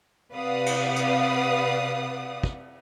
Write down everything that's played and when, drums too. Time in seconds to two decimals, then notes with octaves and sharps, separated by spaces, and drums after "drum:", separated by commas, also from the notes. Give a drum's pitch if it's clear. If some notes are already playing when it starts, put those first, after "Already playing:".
0.33 C3 B4 D5 F5 F#5 D#6
0.66 drum: cymbal
0.96 drum: hi-hat
2.43 drum: kick